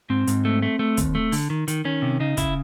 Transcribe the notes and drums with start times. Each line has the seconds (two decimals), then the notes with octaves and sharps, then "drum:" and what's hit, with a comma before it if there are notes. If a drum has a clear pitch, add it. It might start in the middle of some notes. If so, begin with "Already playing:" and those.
0.10 G#2 C4
0.27 G#2, drum: hi-hat
0.45 A3
0.62 A3
0.79 A3
0.97 D#2, drum: kick, hi-hat
1.15 A3
1.32 D3, drum: open hi-hat
1.50 D#3
1.68 D#3, drum: hi-hat
1.85 D#3 C#4
2.02 C3
2.20 C#3 D#4
2.37 C#3 E4, drum: kick, hi-hat